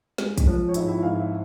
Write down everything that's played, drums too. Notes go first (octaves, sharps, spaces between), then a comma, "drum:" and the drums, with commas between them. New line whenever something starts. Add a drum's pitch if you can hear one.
G#3, drum: snare
drum: kick, hi-hat
F3
C#5
G#2 E4 E5, drum: hi-hat
E4 E5
G#2 F4 F5
E5